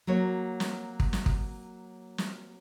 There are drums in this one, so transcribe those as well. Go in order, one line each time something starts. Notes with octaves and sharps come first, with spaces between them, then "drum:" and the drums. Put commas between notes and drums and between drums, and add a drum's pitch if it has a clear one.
F#3 A#3 C#5
drum: snare
drum: kick
drum: snare
drum: kick
drum: snare